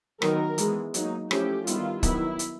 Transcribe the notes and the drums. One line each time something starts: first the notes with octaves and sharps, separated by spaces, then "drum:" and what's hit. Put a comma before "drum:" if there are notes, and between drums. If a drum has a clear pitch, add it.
D#3 F#3 B3 D#4 A#4, drum: rim click
E3 G#3 B3, drum: hi-hat
F#3 A#3 D#4, drum: hi-hat
F3 A3 C#4 E4 G4, drum: rim click
D#3 G3 B3 E4 F4, drum: hi-hat
D#3 F#3 B3 E4, drum: kick, hi-hat
drum: hi-hat